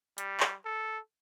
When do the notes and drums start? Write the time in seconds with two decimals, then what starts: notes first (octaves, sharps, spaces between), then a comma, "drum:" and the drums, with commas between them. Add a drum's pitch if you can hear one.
0.18 G3, drum: hi-hat
0.40 drum: clap
0.65 A4